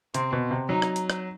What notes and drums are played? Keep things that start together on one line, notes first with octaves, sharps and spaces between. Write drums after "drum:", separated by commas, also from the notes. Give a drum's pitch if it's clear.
C3 C4, drum: hi-hat
B2
C3
F#3 D#4
drum: rim click
drum: hi-hat
drum: rim click